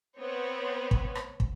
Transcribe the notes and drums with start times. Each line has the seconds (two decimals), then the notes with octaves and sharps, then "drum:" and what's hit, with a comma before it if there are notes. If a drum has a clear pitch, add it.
0.18 B3 C4 C#5
0.91 drum: kick
1.15 drum: rim click
1.40 drum: kick